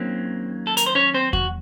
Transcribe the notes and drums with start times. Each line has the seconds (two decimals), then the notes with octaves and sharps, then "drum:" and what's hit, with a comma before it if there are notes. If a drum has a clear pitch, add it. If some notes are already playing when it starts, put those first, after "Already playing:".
Already playing: D#2 D#3 F#3 A#3 C4 C#4
0.67 A4
0.77 A#4, drum: hi-hat
0.86 C5
0.95 C#4 C#5
1.14 C4 C5
1.33 F#4, drum: kick E2